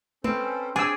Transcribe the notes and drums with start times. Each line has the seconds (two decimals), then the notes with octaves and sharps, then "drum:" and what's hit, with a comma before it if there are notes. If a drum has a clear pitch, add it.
0.24 C4 C#4 A4 B4 C5, drum: tom G#3
0.76 D4 G#4 C5 G#5 E6